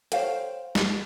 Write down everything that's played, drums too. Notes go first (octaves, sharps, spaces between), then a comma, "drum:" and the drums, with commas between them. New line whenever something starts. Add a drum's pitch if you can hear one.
A4 C5 C#5 F5 G5, drum: hi-hat
drum: snare